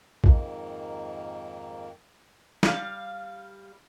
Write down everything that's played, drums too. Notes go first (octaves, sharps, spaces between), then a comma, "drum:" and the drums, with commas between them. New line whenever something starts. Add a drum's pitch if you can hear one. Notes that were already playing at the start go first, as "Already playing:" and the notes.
F2 G#2 D#3 A#3, drum: kick A#1
G3 F5, drum: snare